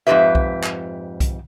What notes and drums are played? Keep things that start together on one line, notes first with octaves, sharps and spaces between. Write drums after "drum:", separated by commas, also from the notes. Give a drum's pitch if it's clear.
F2 G#2 G#3 G4 B4 E5
drum: kick B1
drum: clap
drum: kick B1, hi-hat